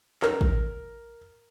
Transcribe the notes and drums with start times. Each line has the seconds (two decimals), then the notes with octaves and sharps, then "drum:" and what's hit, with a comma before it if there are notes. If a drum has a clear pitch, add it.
0.22 A#4, drum: clap
0.41 drum: kick